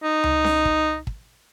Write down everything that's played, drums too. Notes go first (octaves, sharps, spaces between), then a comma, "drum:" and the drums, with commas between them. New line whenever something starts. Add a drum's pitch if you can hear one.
D#4
drum: tom C#2
drum: snare C#4
drum: kick
drum: kick